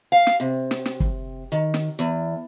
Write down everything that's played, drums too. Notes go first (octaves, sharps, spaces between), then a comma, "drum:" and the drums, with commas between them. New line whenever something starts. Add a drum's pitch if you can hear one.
F5
drum: snare
C3
drum: snare
drum: snare
drum: kick F#1
D#3
drum: snare
E2